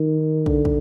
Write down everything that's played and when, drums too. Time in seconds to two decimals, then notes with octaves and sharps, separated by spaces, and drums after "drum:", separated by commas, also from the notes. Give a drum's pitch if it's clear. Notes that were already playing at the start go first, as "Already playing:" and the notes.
Already playing: D#3
0.46 D3, drum: kick
0.65 drum: kick